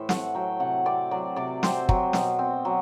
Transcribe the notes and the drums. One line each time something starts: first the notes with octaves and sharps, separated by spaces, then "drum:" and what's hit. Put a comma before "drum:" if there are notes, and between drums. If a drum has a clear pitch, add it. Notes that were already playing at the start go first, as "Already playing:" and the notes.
Already playing: A2 E3 C5 E5
A3 F#5, drum: snare
F#3 G5
C3 F#5
C4 D5
F#3 D5
C3 D5
C4 C5, drum: snare
F#3, drum: kick
B2, drum: snare
C4
F#3